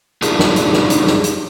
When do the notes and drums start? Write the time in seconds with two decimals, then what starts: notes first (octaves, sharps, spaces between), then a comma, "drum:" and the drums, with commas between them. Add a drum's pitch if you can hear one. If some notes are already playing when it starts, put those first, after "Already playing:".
0.22 D4 D#4 F4 G4 G#4 A#4, drum: hi-hat
0.39 drum: snare
0.56 drum: hi-hat
0.73 drum: snare
0.90 drum: hi-hat
1.07 drum: snare
1.24 drum: hi-hat